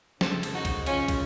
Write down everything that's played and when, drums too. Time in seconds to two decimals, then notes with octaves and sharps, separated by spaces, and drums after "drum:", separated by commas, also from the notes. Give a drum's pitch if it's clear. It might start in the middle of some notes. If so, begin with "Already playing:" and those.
0.21 F2 C#3 A4 C5, drum: snare
0.43 drum: cymbal
0.54 D#4 F#4
0.65 drum: kick, cymbal
0.86 C#4 F4, drum: cymbal
1.08 drum: kick, cymbal